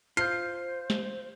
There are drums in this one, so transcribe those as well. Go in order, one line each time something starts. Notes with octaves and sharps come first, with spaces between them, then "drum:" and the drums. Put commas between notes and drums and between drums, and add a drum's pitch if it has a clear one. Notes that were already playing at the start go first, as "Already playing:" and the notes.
F4 C5 F6 G6 C7, drum: hi-hat
drum: snare